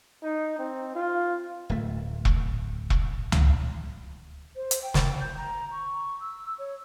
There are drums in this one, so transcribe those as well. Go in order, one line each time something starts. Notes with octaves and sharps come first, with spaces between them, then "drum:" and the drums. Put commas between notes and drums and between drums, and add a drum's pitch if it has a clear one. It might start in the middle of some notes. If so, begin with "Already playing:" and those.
D#4
C4
F4
D1 A3
drum: kick E1
drum: kick E1
drum: tom C#2
C5
drum: hi-hat
G5
drum: snare
G6
A#5
C#6
E6
C#5